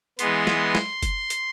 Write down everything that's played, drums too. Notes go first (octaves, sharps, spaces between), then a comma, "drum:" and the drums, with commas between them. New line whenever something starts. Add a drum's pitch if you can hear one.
E3 G#3 B3 C6, drum: hi-hat
drum: snare
drum: snare
drum: kick F#1, hi-hat
drum: hi-hat